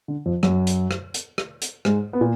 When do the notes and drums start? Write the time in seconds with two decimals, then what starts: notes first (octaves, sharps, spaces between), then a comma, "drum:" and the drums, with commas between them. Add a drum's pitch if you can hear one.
0.08 D3
0.26 F2 F3
0.43 F#2 F#3, drum: rim click
0.67 drum: hi-hat
0.91 drum: rim click
1.14 drum: hi-hat
1.38 drum: rim click
1.62 drum: hi-hat
1.85 G#2 G#3, drum: rim click
2.13 B3
2.21 A#2